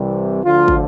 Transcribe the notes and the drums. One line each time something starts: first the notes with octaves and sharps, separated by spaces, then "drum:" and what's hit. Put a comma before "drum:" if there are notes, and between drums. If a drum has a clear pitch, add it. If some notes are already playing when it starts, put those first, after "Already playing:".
Already playing: C2 C3 E3 G3
D2 D3 F3 F4
drum: kick